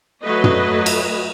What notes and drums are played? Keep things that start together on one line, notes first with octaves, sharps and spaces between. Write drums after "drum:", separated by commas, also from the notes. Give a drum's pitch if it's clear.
F#3 A3 B4 D#5
drum: tom
drum: cymbal